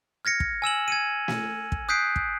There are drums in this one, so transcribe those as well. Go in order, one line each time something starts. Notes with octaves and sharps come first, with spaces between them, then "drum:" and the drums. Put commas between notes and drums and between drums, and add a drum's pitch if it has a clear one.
F6 G#6 A#6 C#7
drum: kick
G#5 E6 E7 F#7
G#6 C#7 D#7
drum: snare
drum: kick
D#6 F#6 G6 B6 C7 D7
drum: kick